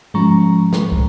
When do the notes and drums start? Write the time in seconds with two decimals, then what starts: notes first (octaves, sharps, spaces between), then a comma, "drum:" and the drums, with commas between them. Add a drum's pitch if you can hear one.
0.14 G#2 F3 G#3 C#4 A#5 C#6
0.73 drum: snare
0.92 drum: kick